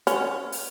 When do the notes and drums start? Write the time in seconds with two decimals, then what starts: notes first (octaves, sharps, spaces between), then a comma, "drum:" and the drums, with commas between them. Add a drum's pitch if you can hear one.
0.07 C#4, drum: hi-hat
0.52 drum: open hi-hat